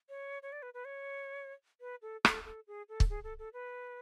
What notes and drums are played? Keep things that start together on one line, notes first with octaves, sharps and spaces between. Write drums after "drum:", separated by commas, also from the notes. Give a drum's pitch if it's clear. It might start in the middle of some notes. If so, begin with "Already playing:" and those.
C#5
C#5
D5
B4
B4
C#5
B4
A4
A4, drum: rim click
A4
G#4
A4
drum: kick
G#4
A4
A4
B4